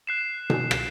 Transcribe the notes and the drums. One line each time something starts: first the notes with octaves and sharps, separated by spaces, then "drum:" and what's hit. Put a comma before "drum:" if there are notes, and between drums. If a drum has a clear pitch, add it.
F#6 C7 E7
drum: tom B2
drum: rim click